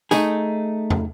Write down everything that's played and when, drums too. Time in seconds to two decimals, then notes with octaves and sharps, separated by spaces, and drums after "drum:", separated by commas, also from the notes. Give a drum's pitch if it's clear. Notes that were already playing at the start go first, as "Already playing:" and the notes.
0.11 A3 D#4 G#4, drum: tambourine
0.90 drum: tom